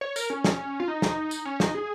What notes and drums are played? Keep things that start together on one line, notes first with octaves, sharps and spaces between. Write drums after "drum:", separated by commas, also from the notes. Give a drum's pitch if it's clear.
C#5
A#4, drum: tambourine
C#4
drum: snare
F4
D#4
drum: snare
drum: tambourine
C#4
D#4, drum: snare
G#4